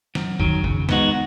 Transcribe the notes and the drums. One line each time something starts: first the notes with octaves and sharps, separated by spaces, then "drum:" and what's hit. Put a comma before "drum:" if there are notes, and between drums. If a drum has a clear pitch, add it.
F#2, drum: snare
D#3 F#3, drum: kick
C#3, drum: kick
G#3 B3 D#4 F#4, drum: snare